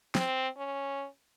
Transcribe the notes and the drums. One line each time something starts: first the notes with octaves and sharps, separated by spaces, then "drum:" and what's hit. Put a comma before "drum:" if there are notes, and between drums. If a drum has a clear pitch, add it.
C4, drum: snare
C#4